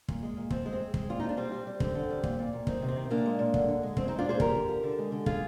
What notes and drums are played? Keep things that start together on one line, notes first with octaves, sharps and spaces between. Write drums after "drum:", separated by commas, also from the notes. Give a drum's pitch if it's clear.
A#2, drum: kick
G#3
A#2
F3 C4, drum: kick
G#3
C4
G#3
G#3, drum: kick
A#2 F4
F3 D#4
D4
G3 C4
G3
G3
D3 C4, drum: kick
D3
G3
A#2, drum: kick
A#2
A#2
D#3 C4, drum: kick
C3
C4
D#3
A#2 A#3 D4
G#3
A#2
D3, drum: kick
D3
G#3
G#3 C4, drum: kick
C4 D#4
G#3
D4 F4
A#2 G#4 C5
D3 G4 A#4, drum: kick
D3
F3
D3
G#3
D3
G#3 F4 G#4, drum: kick